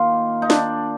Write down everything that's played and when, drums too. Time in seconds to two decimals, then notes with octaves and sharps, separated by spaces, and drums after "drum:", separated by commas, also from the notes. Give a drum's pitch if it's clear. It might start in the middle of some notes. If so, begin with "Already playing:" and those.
Already playing: D#3 A#3 F4
0.42 D#4
0.50 D4, drum: snare